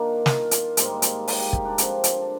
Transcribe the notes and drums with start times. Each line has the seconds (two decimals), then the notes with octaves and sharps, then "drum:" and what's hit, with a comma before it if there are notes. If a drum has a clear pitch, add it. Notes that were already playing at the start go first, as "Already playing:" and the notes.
Already playing: D#3 A#3 D4 F4
0.26 F4, drum: snare
0.51 drum: hi-hat
0.77 G#2 G3 A#3, drum: hi-hat
1.02 drum: hi-hat
1.28 G4, drum: open hi-hat
1.40 G4
1.53 D#4, drum: kick
1.65 D4
1.78 D3 F3 C4, drum: hi-hat
2.04 drum: hi-hat
2.21 D4